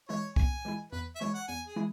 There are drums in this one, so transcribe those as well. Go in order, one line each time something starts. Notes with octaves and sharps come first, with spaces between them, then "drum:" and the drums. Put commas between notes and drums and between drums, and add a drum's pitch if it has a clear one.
E3 G#3 E4 C#5
E2 G#5, drum: kick C2
E3 G#3 E4
E2 B4
E5
E3 G#3 E4 C#5
F#5
E2 G#5
G#4
E3 G#3 E4